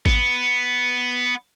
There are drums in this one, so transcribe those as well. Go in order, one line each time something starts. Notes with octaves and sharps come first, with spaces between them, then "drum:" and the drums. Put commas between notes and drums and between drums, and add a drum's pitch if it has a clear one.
B3, drum: kick G#1